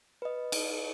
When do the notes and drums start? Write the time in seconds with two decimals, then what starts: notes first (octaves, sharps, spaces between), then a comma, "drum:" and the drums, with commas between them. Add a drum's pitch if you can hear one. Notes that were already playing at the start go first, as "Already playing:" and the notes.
0.22 B4 D#5
0.52 drum: cymbal